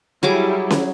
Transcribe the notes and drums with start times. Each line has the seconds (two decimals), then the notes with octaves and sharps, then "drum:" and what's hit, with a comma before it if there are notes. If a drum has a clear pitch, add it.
0.23 F#3 G3 E4 G4 G#4 D6
0.71 drum: snare C#4